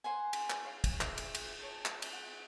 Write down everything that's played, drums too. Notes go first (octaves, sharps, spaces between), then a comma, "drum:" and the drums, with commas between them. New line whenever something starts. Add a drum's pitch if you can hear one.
C5 F#5 G#5
drum: cymbal
drum: clap
C#5 F5
drum: kick, cymbal
E5, drum: clap
drum: cymbal
drum: cymbal
C#5 A5
drum: clap
drum: cymbal
F#5